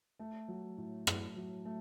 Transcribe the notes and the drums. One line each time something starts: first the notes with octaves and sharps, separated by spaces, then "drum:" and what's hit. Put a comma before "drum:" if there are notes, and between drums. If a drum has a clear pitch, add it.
A3
F#3
A2
F#3, drum: rim click
F#3
A3